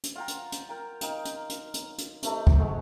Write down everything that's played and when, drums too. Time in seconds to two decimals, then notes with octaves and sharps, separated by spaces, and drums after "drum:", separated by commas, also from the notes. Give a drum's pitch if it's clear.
0.03 drum: hi-hat
0.15 F4 F#5 G5 A#5
0.28 drum: hi-hat
0.52 drum: hi-hat
0.69 A#4 G5 A#5
1.01 D#4 F5 G5, drum: hi-hat
1.25 drum: hi-hat
1.49 drum: hi-hat
1.74 drum: hi-hat
1.98 drum: hi-hat
2.22 C3 A3 D#4, drum: hi-hat
2.47 drum: kick
2.59 G#3 F#4 A4